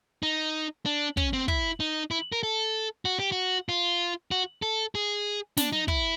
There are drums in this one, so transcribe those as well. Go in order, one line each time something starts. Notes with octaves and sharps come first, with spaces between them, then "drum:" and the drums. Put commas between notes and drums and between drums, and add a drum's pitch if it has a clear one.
D#4
D4
C#4, drum: kick
C4
E4, drum: kick
D#4
E4
A#4
A4
F#4
G4
F#4
F4
F#4
A4
G#4
D4, drum: snare
D#4
E4, drum: kick